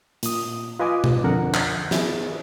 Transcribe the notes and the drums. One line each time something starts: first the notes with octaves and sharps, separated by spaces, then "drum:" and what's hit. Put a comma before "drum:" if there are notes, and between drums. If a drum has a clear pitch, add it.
A#2 D#6, drum: hi-hat
F4 B4 D#5 G#5 D6 D#6
drum: tom B2
F2 D3 A#4 F#5
drum: clap
B3 E4 G#4, drum: snare